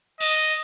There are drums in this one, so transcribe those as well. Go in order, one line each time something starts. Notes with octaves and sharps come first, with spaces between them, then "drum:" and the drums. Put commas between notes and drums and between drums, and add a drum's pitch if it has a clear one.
D#5, drum: cymbal
drum: cymbal